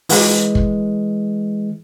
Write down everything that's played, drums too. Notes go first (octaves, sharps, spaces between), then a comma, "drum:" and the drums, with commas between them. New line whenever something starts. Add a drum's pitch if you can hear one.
E3 G#3, drum: open hi-hat
drum: kick